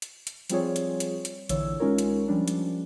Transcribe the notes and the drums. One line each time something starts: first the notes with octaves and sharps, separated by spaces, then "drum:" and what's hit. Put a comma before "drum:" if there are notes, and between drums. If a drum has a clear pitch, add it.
drum: hi-hat
drum: hi-hat
F3 G3 C4 F4 G#4 C#5, drum: hi-hat
drum: hi-hat
drum: hi-hat
drum: hi-hat
A#1 D3 E3 C#5 E6, drum: hi-hat
G#3 C#4 D#4 F4 A#4 C#5
drum: hi-hat
F3 G3 C#4 D4
drum: hi-hat